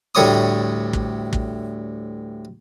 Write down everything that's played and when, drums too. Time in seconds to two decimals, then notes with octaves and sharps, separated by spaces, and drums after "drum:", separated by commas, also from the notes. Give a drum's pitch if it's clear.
0.15 D2 A2 G3 C#5 C#6 D#6
0.93 drum: kick
1.33 drum: kick